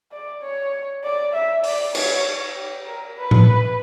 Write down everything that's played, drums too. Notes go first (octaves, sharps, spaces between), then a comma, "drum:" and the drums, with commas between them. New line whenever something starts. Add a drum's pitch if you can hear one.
D5
C#5
D5
E5
D5, drum: open hi-hat
C#5, drum: cymbal
G4
A#4
B4
drum: tom A2